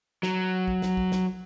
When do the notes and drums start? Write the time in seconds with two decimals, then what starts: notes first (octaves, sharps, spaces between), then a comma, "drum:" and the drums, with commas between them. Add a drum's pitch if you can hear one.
0.23 F#3, drum: snare
0.68 drum: kick
0.82 drum: snare
0.97 drum: kick
1.12 drum: snare